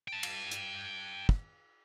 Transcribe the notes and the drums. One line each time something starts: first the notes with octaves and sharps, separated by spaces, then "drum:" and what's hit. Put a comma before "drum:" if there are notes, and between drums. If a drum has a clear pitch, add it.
G5 A5
drum: cymbal
drum: hi-hat
drum: kick